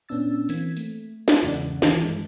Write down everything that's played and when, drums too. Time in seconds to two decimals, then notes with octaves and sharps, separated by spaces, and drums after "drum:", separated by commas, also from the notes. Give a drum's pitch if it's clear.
0.09 A#2 B3 C#4 D4 E6 A6
0.49 E3 A#3 C4 G#6 B6, drum: tambourine
0.77 A3, drum: tambourine
1.28 drum: snare
1.43 E2 G#2 C#3 D5 F#5
1.54 drum: tambourine
1.82 B1 D#3 E3 E4 A#4, drum: snare
2.03 G2 G#3